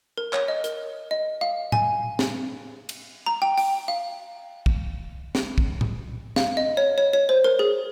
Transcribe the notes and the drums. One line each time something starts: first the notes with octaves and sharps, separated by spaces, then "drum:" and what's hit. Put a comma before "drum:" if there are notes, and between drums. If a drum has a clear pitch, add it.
A#4
C#5, drum: clap
D#5
A#4, drum: hi-hat
D#5
F5
G#5, drum: tom A2
drum: snare
drum: cymbal
A#5
G5
G5, drum: open hi-hat
F5
drum: kick
drum: snare
drum: kick
drum: tom A2
F5, drum: snare
D#5
C#5
C#5
C#5
C5
A#4
G#4